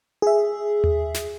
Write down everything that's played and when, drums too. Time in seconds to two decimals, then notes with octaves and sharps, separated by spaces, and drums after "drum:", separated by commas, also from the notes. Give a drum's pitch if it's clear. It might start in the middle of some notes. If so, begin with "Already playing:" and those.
0.22 G#4 E5
0.84 drum: tom D#2
1.14 drum: snare